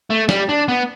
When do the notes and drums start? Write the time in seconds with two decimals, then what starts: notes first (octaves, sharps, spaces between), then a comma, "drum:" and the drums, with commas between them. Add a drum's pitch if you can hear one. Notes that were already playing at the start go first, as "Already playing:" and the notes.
0.10 A3
0.29 G3, drum: snare
0.49 D4
0.68 B3